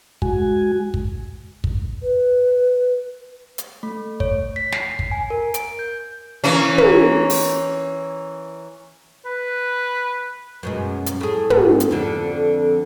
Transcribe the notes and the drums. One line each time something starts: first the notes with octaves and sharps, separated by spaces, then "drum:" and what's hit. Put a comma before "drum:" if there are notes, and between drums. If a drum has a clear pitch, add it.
G#3 F#4 G#5, drum: kick
drum: kick
drum: kick
B4
drum: hi-hat
A3
C#5, drum: kick
B6
C7, drum: snare
drum: kick
G#5
A#4
D7, drum: hi-hat
G6
E3 A#3 C#4
drum: tom
drum: open hi-hat
B4
F#2 B2 G#3
drum: hi-hat
A2 G#4
D#2 G#2 B3, drum: tom
drum: hi-hat
F2 D3